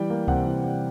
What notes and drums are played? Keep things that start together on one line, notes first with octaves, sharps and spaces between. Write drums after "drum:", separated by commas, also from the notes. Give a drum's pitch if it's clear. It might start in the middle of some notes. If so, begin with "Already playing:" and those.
Already playing: E3 G3 G5
A#3
C3 F#5, drum: kick C#2
E3
G3